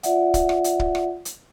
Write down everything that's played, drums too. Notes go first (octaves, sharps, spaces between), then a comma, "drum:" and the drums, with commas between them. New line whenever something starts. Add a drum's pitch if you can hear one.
F4 D5 E5 F#5, drum: hi-hat
drum: kick, hi-hat
drum: rim click
drum: hi-hat
drum: kick
drum: rim click
drum: hi-hat